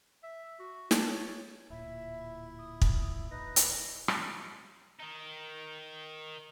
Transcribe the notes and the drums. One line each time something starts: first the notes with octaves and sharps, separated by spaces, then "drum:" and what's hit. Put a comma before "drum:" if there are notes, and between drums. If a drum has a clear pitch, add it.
E5
F#4
A5, drum: snare
C#5
D1 A#2 E4 E5
D#6
drum: kick
D#4 B4 A#6
drum: hi-hat
drum: rim click
D#3 D#4